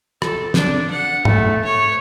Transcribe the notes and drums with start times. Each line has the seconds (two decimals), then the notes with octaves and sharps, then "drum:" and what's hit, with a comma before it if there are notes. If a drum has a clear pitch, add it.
0.22 A4, drum: rim click
0.54 D4, drum: snare
0.90 F#5
1.25 A3, drum: tom G#2
1.64 C#5